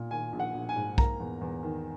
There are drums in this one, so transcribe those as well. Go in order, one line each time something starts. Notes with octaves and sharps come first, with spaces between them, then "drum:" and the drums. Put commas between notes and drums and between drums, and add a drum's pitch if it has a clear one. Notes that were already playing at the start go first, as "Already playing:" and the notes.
Already playing: A#2
D#3 G#5
A#1
F#5
A#1
G#5
G#2
A#3 A#5, drum: kick
E2
E2
D#3